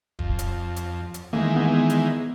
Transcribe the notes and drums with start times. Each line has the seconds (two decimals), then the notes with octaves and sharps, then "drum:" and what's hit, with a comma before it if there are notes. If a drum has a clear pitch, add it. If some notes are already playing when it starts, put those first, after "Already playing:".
0.19 F2, drum: kick
0.39 drum: hi-hat
0.76 drum: hi-hat
1.14 drum: hi-hat
1.33 D#3 E3 G#3 A#3
1.56 B3
1.90 drum: hi-hat